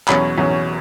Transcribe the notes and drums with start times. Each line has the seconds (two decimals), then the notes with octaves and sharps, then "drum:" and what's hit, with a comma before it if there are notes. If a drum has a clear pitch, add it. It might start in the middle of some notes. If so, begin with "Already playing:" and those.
0.08 E2 B2 F#3 C#4 B5, drum: clap
0.38 E2 B2 F#3 C#4